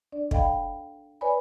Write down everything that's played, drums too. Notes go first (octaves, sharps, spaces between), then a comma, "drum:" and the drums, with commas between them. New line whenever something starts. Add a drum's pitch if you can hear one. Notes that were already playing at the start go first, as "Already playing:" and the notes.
D4 D5
A4 D#5 F5 G5 B5, drum: kick
B4 C#5 D5 G#5 B5